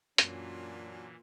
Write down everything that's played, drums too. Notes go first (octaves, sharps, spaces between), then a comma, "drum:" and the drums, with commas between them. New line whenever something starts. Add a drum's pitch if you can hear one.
F#2 A#2 E3 F#3 A#3 C#4 D4 F4, drum: hi-hat